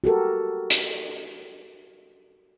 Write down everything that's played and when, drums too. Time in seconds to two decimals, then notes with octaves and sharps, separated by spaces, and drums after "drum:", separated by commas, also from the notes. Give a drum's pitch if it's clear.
0.04 F#4 G4 A4 A#4
0.70 drum: hi-hat